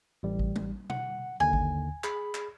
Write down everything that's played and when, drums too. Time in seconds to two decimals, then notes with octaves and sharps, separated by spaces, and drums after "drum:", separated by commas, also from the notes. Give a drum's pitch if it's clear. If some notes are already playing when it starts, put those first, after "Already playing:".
0.23 A1 G3
0.39 drum: kick G#1
0.56 drum: tom G3
0.90 F#5, drum: tom B2
1.40 D#2 D3 G#5
1.53 drum: kick G#1
2.04 G#4 B5, drum: clap
2.35 drum: clap